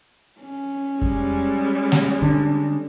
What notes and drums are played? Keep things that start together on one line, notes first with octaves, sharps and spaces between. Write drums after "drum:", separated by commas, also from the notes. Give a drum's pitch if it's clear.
C#4
G3 G#3, drum: kick F2
drum: snare G#3
D3